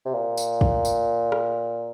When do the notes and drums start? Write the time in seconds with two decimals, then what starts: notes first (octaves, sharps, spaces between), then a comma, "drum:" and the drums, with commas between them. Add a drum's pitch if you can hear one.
0.06 C3
0.14 A#2
0.37 drum: tambourine
0.61 drum: kick
0.85 drum: tambourine
1.32 drum: rim click